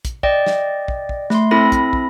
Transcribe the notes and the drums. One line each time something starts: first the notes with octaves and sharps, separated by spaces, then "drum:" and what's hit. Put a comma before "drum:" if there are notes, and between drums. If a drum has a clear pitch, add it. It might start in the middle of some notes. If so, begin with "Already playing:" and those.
drum: kick, hi-hat
D5 D#5 G5, drum: kick
drum: snare
drum: kick
drum: kick
A3 C6, drum: snare
C4 E4 A4 B5 A#6
drum: kick, hi-hat
drum: kick